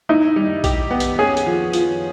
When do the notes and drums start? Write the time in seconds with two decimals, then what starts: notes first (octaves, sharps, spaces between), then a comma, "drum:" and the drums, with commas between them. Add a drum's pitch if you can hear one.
0.09 D#4 E4
0.36 G3
0.64 G4, drum: kick A#1, hi-hat
0.91 B3
1.00 drum: hi-hat
1.19 C#4 G#4
1.37 drum: hi-hat
1.46 F3
1.73 F3, drum: hi-hat